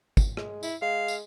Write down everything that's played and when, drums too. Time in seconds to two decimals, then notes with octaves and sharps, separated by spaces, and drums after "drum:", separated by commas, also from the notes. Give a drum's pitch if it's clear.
0.17 drum: kick, tambourine
0.37 G#3, drum: rim click
0.63 E4, drum: tambourine
0.82 G#3 F5
1.08 drum: tambourine